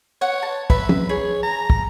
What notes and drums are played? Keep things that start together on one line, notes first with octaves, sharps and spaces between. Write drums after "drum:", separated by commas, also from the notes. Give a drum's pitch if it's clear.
C#5 F#5
A5
B4 E5, drum: kick
drum: tom
G#4 C#5
A#5
drum: kick